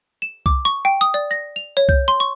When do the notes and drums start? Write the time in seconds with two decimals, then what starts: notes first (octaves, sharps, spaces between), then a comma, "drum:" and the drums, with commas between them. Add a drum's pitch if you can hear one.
0.22 E7
0.46 D6, drum: kick C2
0.65 C#6
0.85 G5
1.01 D#6
1.14 D5
1.31 A#6
1.56 F7
1.77 C#5
1.89 G6, drum: kick C2
2.08 C6
2.20 C#6